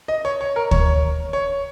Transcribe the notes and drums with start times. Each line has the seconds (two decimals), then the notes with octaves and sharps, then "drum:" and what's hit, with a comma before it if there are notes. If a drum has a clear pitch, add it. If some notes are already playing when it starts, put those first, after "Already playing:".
0.08 D#5
0.25 C#5
0.41 C#5
0.56 A#4
0.71 C#5, drum: kick D2
1.33 C#5